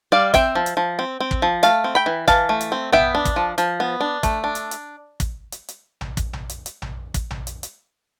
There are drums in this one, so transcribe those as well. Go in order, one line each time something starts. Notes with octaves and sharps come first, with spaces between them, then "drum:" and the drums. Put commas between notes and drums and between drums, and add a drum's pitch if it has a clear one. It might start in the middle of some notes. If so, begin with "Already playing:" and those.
G3 D5 F5
C4 E5 G5, drum: kick, hi-hat
F3
drum: hi-hat
F3
C4
C4
drum: kick
F3
A3 F5 A5, drum: hi-hat
C4
G5 B5
E3
E3 F5 A5, drum: kick, hi-hat
A3
drum: hi-hat
C4
B3 E5 G5, drum: tom A#1
D4
drum: kick, hi-hat
F3
F3, drum: hi-hat
B3
D4
A3, drum: kick, hi-hat
D4
drum: hi-hat
drum: hi-hat
drum: kick, hi-hat
drum: hi-hat
drum: hi-hat
drum: tom A#1
drum: kick, hi-hat
drum: tom A#1
drum: hi-hat
drum: hi-hat
drum: tom A#1
drum: kick, hi-hat
drum: tom A#1
drum: hi-hat
drum: hi-hat